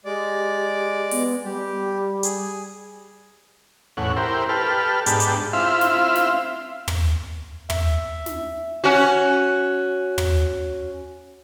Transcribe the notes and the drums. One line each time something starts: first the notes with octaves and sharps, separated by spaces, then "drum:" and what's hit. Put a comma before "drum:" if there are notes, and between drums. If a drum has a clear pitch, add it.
G#3 G4 D5
B3, drum: open hi-hat
G3 G4
G#4, drum: hi-hat
E2 A2 C#4 F#5
E4 G4 A#4 C5
G4 A4 B4 F6
G#2 B3 D4 G4 A5, drum: hi-hat
drum: hi-hat
C4 E4 F4 E5 F5
drum: snare
drum: snare
drum: tom
E5, drum: tom
drum: snare
C#4 F#4
drum: tom